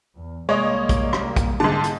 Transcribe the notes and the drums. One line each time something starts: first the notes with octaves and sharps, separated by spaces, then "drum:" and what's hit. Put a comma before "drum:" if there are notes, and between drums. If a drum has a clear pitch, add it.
E2
C2 G3 G#3 A#3 C#5 D#5
drum: kick, hi-hat
drum: rim click
drum: kick, hi-hat
G#2 D3 A5
drum: hi-hat